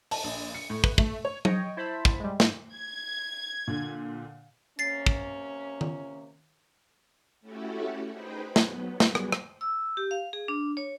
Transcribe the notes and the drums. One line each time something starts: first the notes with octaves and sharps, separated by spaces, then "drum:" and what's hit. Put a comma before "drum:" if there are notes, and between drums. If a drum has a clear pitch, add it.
A5, drum: open hi-hat
A#1
C#7
A2
B4, drum: kick
A3, drum: kick
C#5
C#5 D#5 G5, drum: tom F#3
E4 C5 A5 B5
drum: kick
G3 G#3
G#2, drum: snare
G#6
A#2 D3
C3 A#3 C#4 A6 C7
drum: kick
drum: tom D#3
A3 C#4 E4 F#4 G4 A4
D#4 G#4 B4 C5 G5 B5
F#3 B3, drum: snare
G3 B3 F#4 G#4, drum: snare
drum: rim click
drum: rim click
E6
G4
F5
G#4
D4
C#5